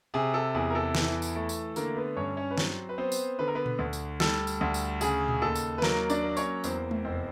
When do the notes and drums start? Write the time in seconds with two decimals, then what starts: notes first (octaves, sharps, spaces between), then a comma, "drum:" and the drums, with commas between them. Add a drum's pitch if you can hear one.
0.14 C3 G#4
0.34 A4
0.54 E2 G#4
0.70 A#4
0.75 A4
0.95 E3, drum: snare
1.22 drum: tambourine
1.36 A3
1.49 drum: tambourine
1.76 D3 A#3 A#4, drum: tambourine
1.96 B3 B4
2.17 G2 C#4 C#5
2.37 C#4 C#5
2.51 B4
2.58 F#3 C4 C5, drum: snare
2.89 B4
2.98 B3 C4 C5
3.12 drum: tambourine
3.39 D3 B4
3.47 A#4
3.55 B3 B4
3.66 drum: tom A#2
3.79 D2
3.93 drum: tambourine
4.20 G3 A4, drum: snare
4.47 drum: tambourine
4.61 D2
4.74 drum: tambourine
5.01 C#3 G#4, drum: tambourine
5.28 drum: tom A#2
5.42 D#2 A4
5.55 drum: tambourine
5.78 B4
5.82 F#3 A#3 A#4, drum: snare
6.10 D4 D5, drum: tambourine
6.23 A#3
6.37 C#4 C#5, drum: tambourine
6.64 E2 C4 C5, drum: tambourine
6.91 drum: tom G#3
7.05 F1 C4 C5